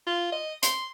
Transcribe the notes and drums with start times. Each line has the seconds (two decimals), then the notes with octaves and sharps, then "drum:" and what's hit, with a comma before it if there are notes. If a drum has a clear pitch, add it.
0.07 F4
0.32 D#5
0.63 C6, drum: hi-hat